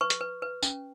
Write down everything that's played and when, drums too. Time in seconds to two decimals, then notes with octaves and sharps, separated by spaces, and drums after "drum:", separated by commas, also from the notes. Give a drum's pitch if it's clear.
0.01 B4 C#6
0.10 drum: hi-hat
0.21 B4
0.42 B4
0.63 C#4, drum: tambourine